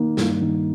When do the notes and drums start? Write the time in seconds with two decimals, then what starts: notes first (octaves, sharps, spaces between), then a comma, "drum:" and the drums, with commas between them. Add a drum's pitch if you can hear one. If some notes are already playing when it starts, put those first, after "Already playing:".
Already playing: D#3 A#3 D#4
0.17 G2, drum: snare
0.41 D#3